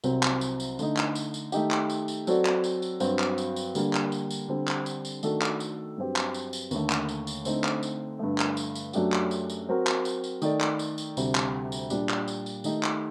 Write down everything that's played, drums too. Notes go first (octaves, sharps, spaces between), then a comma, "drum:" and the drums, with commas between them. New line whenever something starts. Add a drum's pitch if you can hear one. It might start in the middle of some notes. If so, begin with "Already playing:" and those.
C2 C3 F#3 C4, drum: tambourine
drum: clap
drum: tambourine
drum: tambourine
D3 A3 D#4, drum: tambourine
drum: clap
drum: tambourine
drum: tambourine
D#3 A3 D#4 G4, drum: tambourine
drum: clap
drum: tambourine
drum: tambourine
F#3 C4 F#4 A4 D5, drum: tambourine
drum: clap
drum: tambourine
drum: tambourine
G2 F#3 C4 F#4, drum: tambourine
drum: clap
drum: tambourine
drum: tambourine
D3 G3 A#3, drum: tambourine
drum: clap
drum: tambourine
drum: tambourine
D3 G3 C4
drum: clap
drum: tambourine
drum: tambourine
D#3 A3 D4 F#4 A4, drum: tambourine
drum: clap
drum: tambourine
G2 F#3 C4 G4
drum: clap
drum: tambourine
drum: tambourine
D#2 D3 A3, drum: tambourine
drum: clap
drum: tambourine
drum: tambourine
D3 A3 C4 D#4, drum: tambourine
drum: clap
drum: tambourine
G2 D3 A3
drum: clap
drum: tambourine
drum: tambourine
F#2 F#3 A3 D4 G4, drum: tambourine
drum: clap
drum: tambourine
drum: tambourine
F#3 C4 F#4 A#4
drum: clap
drum: tambourine
drum: tambourine
D#3 A3 D#4 A4 D5, drum: tambourine
drum: clap
drum: tambourine
drum: tambourine
D2 C3 G3, drum: tambourine
drum: clap
drum: tambourine
A#2 G3 D4, drum: tambourine
drum: clap
drum: tambourine
drum: tambourine
D#3 A3 D#4 G4, drum: tambourine
drum: clap